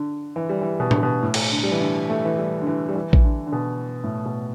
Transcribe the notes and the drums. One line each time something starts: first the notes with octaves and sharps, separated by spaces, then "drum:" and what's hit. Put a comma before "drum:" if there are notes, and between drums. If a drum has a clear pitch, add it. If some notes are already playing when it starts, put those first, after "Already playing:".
Already playing: D3
E3
G3
E3
B2
D3, drum: tom A2
B2
A2
drum: cymbal
D3
G3
E3
D3
A3
E3
G3
D3
E3
G3
E3
drum: kick A1
D3
D3
B2
A2
B2